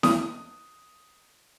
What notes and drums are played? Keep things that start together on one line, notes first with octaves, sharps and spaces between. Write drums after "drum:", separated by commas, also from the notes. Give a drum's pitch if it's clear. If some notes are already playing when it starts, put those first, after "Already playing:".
D#6, drum: snare E4